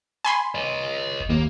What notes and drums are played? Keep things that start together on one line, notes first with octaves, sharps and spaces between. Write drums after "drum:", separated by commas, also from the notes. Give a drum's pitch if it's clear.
G#5 B5 C6
C#5 D#5
drum: kick F#1
D#2 A#3